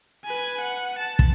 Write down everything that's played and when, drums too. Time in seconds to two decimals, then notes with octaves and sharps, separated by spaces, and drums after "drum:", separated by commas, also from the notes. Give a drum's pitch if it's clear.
0.25 B4 G#5
0.61 F#5
0.98 A5
1.19 drum: kick